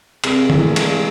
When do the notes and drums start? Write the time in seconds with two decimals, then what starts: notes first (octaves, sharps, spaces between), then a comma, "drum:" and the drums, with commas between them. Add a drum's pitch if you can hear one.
0.24 C3 G#3, drum: cymbal
0.50 E3, drum: tom D3
0.63 A3
0.76 G#3, drum: cymbal